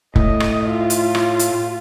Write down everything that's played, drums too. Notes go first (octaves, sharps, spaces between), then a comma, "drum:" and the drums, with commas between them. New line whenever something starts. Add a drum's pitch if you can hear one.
A2 D#5, drum: kick
drum: rim click
F4
drum: hi-hat
drum: rim click
drum: hi-hat